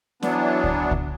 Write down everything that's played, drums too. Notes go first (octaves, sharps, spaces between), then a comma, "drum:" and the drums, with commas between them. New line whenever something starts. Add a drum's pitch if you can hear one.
E3 F#3 B3 D4, drum: snare
drum: kick C#2
drum: kick C#2